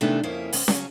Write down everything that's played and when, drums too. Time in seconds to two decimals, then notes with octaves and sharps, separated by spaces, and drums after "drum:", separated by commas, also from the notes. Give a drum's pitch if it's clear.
0.01 C3 D#3 E3 A3 B3 D4
0.23 F2 C#3 A#3 C#4 E4
0.53 D2 C#4, drum: open hi-hat
0.68 C#3 F#3 C#4, drum: snare C#4